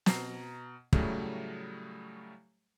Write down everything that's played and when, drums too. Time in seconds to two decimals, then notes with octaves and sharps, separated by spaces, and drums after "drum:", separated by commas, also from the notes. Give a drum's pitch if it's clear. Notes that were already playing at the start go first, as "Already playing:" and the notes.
0.06 B2 A#5 C7, drum: snare
0.93 A2 C#3 F#3 G3 A3, drum: kick